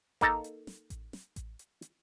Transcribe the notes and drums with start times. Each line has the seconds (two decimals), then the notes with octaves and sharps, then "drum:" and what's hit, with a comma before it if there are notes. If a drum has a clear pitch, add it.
0.21 A#3 D#4 A4 A5 A#5, drum: kick A1, hi-hat
0.44 drum: hi-hat
0.67 drum: snare
0.90 drum: kick A1, hi-hat
1.13 drum: snare
1.36 drum: kick A1, hi-hat
1.59 drum: hi-hat
1.82 drum: hi-hat